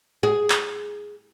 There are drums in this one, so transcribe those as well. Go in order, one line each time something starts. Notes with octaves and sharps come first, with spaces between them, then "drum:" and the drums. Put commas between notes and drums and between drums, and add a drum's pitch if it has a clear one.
G#4
drum: clap